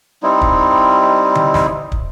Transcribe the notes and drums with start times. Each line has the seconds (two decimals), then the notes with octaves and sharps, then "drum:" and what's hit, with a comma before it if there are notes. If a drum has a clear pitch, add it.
0.23 G3 C4 D#4 E4
0.41 drum: kick
1.35 drum: tom D3
1.54 drum: snare
1.92 drum: kick